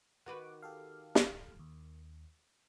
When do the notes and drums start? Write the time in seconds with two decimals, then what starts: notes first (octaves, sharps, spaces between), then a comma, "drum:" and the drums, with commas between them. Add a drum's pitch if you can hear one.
0.26 D#3 F#4 B4 F#5 D6
0.62 G4 A4 F5
1.15 drum: snare
1.59 D#2